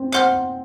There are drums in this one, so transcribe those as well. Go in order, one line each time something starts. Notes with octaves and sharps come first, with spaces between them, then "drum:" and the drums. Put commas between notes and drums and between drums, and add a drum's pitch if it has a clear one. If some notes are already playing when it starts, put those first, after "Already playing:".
Already playing: C4
C5 F#5 C6 F6, drum: clap